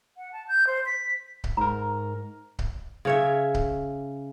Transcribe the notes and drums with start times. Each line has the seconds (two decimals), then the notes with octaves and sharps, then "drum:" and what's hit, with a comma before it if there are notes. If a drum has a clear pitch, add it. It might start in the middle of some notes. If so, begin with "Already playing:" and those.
0.17 F#5
0.33 A5
0.48 G6
0.67 C5
0.86 B6
1.44 drum: kick C#1
1.57 G#2 A#4 A#5
2.59 drum: kick C#1
3.05 C#3 C#5 E5
3.54 drum: kick C#1